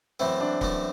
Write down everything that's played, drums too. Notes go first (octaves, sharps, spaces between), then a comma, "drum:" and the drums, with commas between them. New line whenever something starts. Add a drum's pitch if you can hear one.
F#2 E3 A3 C4 E4
D4
F#2 E3 A3 E4, drum: kick C#1